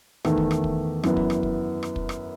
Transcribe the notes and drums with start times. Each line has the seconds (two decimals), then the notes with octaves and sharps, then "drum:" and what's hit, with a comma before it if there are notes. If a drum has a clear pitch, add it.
0.25 E2 D#3 A3, drum: rim click
0.37 drum: kick
0.51 drum: rim click
0.64 drum: kick
1.03 F#2 E3 B3, drum: rim click
1.17 drum: kick
1.30 drum: rim click
1.43 drum: kick
1.83 drum: rim click
1.96 drum: kick
2.09 drum: rim click